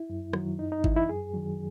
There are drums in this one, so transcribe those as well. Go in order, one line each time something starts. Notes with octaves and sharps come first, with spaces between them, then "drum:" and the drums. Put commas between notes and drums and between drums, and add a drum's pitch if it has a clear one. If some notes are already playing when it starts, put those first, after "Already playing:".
Already playing: E4
F#2
D#3 F#3, drum: rim click
F#2 D#4
D#4
E3 E4, drum: kick G#1
E4
F#2 G#4
D#3 F#3